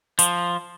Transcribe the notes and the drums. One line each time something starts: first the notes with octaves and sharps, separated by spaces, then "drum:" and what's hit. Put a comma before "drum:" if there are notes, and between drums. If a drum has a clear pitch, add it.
F3, drum: hi-hat